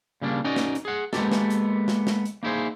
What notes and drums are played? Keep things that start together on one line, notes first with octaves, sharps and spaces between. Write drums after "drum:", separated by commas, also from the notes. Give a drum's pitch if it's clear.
A#2 C#3 G3 A#3 D4
C#4 D#4 F#4 A#4 D5 D#5
drum: snare
drum: hi-hat
G#4 F#5
G#3 A#3 B3 D#4 G4 A4, drum: snare
drum: snare
drum: hi-hat
drum: snare
drum: snare
drum: hi-hat
A#3 D#4 E4 G#4 C5